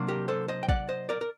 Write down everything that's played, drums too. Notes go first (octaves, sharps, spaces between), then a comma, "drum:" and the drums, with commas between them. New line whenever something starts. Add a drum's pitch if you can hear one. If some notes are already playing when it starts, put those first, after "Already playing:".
Already playing: C3 F#3 A#3 D4
G4 A#4
A4 C5
C5 D#5
G5
D5 F#5, drum: kick
C5 D#5
A#4 D5
A#4